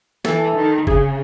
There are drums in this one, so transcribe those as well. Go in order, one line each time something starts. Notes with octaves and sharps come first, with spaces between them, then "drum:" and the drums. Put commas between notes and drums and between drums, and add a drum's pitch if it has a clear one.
E3 A4, drum: snare
D#3
C#3 G#4, drum: kick